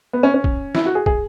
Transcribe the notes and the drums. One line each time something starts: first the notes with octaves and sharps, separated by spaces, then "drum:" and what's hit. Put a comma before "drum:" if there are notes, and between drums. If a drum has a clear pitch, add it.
B3
C#4
C#4
drum: kick
E4, drum: snare
F#4
G#4
G#4, drum: kick